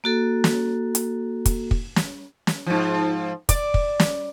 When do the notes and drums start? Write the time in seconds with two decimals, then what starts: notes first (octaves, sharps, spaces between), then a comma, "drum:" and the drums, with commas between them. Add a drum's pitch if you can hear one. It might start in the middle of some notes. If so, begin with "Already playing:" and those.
0.04 A#3 F#4 A4
0.44 drum: snare
0.95 drum: hi-hat
1.46 drum: kick, hi-hat
1.71 drum: kick
1.96 drum: snare
2.47 drum: snare
2.66 G#2 F3
3.49 D5, drum: kick, hi-hat
3.74 drum: kick
4.00 drum: snare